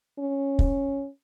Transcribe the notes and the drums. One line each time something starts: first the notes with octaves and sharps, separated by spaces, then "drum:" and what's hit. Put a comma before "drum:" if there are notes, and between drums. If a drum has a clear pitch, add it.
C#4
drum: kick